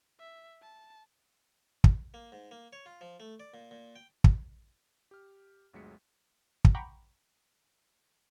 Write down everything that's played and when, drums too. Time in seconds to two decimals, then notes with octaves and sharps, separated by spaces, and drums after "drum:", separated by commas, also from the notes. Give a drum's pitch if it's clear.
0.20 E5
0.62 A5
1.84 drum: kick
2.14 A#3
2.32 G#2
2.51 A#3
2.73 C#5
2.86 F4
3.01 F3
3.20 A3
3.40 D5
3.54 A#2
3.71 A#2
3.96 G5
4.24 drum: kick
5.11 G4 F6
5.74 G1 D2 F#3 G#3 B6 C#7
6.65 drum: kick
6.75 F#5 G5 A#5 B5 C#6 D6